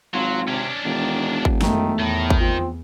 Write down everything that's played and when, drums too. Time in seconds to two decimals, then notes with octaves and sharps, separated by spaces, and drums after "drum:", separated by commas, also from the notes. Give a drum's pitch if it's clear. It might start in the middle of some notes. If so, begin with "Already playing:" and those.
0.14 G#1 F#3 F4
0.48 C3 C#4 D4
0.85 E1 D#3
1.45 drum: kick G#1
1.62 F#2 D#3 A3, drum: snare
2.00 E2 A2 D#3
2.30 drum: kick G#1
2.40 F3 C4